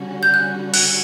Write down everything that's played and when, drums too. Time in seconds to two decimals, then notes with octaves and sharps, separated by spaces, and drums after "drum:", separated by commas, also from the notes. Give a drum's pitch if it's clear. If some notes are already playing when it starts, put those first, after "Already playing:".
Already playing: D3 G3 C#4 F#4
0.23 G6
0.34 F#6
0.74 F#6, drum: cymbal